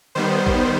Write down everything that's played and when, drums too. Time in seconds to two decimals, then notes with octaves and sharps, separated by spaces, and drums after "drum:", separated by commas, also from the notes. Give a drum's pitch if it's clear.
0.15 D#3 G3 B3 C5
0.47 drum: kick